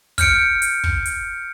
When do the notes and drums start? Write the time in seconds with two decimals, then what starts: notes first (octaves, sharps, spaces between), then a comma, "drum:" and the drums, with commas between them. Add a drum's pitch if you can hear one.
0.18 F6 G6 C#7 D7, drum: kick, hi-hat
0.62 drum: hi-hat
0.84 drum: kick
1.06 drum: hi-hat